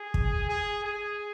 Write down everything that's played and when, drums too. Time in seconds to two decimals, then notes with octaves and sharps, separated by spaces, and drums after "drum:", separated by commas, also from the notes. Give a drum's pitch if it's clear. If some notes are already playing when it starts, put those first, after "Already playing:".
Already playing: G#4
0.14 drum: kick
0.49 G#4
0.84 G#4